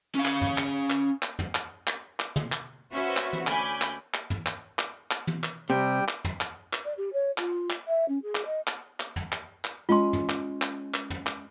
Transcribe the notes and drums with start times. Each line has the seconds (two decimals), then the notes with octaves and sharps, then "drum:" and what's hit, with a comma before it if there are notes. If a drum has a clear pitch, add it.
0.15 C#4 F5
0.25 drum: clap
0.42 drum: tom
0.58 drum: clap
0.90 drum: clap
1.23 drum: clap
1.39 drum: tom
1.55 drum: clap
1.87 drum: clap
2.20 drum: clap
2.36 drum: tom
2.52 drum: clap
2.93 C#4 F#4 B4 C5 E5
3.17 drum: clap
3.33 drum: tom
3.47 D2 C#4 G#5 B5 D6 G6, drum: clap
3.82 drum: clap
4.14 drum: clap
4.30 drum: tom
4.46 drum: clap
4.79 drum: clap
5.11 drum: clap
5.27 drum: tom
5.44 drum: clap
5.70 C3 G3 G5
6.08 drum: clap
6.25 drum: tom
6.41 drum: clap
6.73 drum: clap
6.85 D5
6.97 G4
7.13 C#5
7.38 F4, drum: clap
7.70 drum: clap
7.87 E5
8.08 C#4
8.23 G#4
8.35 drum: clap
8.45 D#5
8.67 drum: clap
9.00 drum: clap
9.16 drum: tom
9.32 drum: clap
9.65 drum: clap
9.89 G#3 C#4 F4 G#5 C6
10.13 drum: tom
10.29 drum: clap
10.62 drum: clap
10.94 drum: clap
11.10 drum: tom
11.27 drum: clap